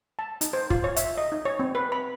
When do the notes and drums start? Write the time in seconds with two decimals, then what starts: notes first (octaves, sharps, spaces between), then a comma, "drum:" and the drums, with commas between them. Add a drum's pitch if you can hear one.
0.19 A5
0.41 D#4, drum: hi-hat
0.53 C5
0.70 F4, drum: kick
0.84 C#5
0.96 E5, drum: hi-hat
1.18 D#5
1.32 D#4
1.45 C#5
1.59 C4
1.75 B4
1.92 B5